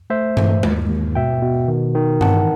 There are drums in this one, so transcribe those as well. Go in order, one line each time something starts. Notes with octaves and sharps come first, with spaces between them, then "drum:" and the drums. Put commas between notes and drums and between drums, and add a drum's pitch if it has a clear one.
A3 C5 E5
E3, drum: tom G2
D#2, drum: tom G#3
D#2
B2 E5 G5
B2
D#3
D#3
E3 F#5 A5, drum: tom G2